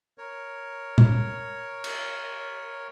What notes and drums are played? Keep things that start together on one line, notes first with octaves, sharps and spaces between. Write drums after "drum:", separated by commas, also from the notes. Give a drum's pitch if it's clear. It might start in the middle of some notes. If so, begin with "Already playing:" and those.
A#4 C#5
drum: tom
drum: cymbal